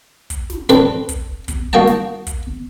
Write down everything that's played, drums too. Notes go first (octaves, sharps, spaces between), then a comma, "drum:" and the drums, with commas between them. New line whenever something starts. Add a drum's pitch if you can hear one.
drum: kick, hi-hat
drum: snare
C4 D4 A4 B4, drum: snare
drum: kick, hi-hat
drum: kick, hi-hat
A#3 F#4 D#5 G5 A5
drum: snare
drum: kick, hi-hat